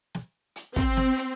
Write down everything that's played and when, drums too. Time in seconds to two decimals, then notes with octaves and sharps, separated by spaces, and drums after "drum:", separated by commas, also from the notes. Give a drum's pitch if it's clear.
0.15 drum: snare
0.56 drum: hi-hat
0.76 C4, drum: kick, hi-hat
0.97 drum: snare
1.17 drum: hi-hat